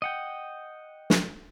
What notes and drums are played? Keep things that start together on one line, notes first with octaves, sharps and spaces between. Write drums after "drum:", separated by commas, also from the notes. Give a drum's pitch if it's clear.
D#5 F#5 G5
drum: snare